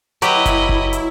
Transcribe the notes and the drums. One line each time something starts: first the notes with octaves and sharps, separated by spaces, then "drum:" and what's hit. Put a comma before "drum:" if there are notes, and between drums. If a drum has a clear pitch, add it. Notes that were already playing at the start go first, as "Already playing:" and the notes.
F#3 E4 G4 B4 D#5 B5, drum: hi-hat
drum: kick F#1, hi-hat
drum: kick F#1
drum: hi-hat